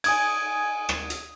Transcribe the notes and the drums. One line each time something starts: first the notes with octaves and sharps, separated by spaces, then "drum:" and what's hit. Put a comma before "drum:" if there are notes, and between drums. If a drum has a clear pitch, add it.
G#5 D#6 G#6, drum: cymbal
drum: rim click
drum: hi-hat